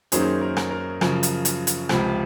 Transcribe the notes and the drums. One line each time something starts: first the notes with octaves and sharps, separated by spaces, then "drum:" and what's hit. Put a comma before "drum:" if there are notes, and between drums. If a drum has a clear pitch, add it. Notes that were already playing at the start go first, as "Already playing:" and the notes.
F#2 D#3 F#3 A#3 C#4 G#4 C5, drum: hi-hat
A#4
drum: rim click
A#4
F#2 C#3 F3, drum: rim click
drum: hi-hat
drum: hi-hat
drum: hi-hat
C#2 C3 F3, drum: rim click